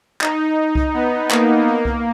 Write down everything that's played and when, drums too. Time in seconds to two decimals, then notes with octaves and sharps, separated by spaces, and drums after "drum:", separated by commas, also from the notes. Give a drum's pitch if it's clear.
0.21 D#4, drum: clap
0.75 drum: kick C2
0.94 B3
1.31 A#3, drum: clap
1.67 A#3
1.85 drum: kick C2